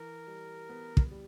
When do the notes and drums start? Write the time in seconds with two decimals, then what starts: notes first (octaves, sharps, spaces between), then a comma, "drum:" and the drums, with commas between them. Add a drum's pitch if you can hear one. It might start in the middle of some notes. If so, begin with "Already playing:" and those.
Already playing: E3 A#4
0.27 G3
0.69 B3
0.97 drum: kick
1.11 G3